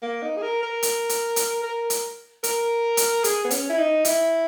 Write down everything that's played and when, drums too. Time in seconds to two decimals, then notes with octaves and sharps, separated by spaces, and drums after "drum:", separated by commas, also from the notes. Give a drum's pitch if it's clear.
0.02 A#3
0.23 D#4
0.37 G#4
0.43 A#4
0.63 A#4
0.83 drum: hi-hat
1.09 drum: hi-hat
1.36 drum: hi-hat
1.63 A#4
1.90 drum: hi-hat
2.44 A#4, drum: hi-hat
2.97 drum: hi-hat
3.24 G#4, drum: hi-hat
3.44 B3
3.51 C#4, drum: hi-hat
3.70 E4
3.78 D#4
4.05 E4, drum: hi-hat